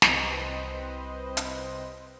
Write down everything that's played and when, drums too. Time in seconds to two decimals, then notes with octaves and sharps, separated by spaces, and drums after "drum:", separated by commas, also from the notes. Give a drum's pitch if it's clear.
0.02 C2 C4 B4 C5 D#5, drum: snare
1.37 drum: hi-hat